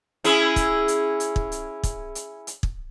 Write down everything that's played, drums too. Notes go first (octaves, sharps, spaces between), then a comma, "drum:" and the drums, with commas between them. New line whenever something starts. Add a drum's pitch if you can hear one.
C#4 E4 G#4, drum: hi-hat
drum: kick, hi-hat
drum: hi-hat
drum: hi-hat
drum: kick
drum: hi-hat
drum: kick, hi-hat
drum: hi-hat
drum: hi-hat
drum: kick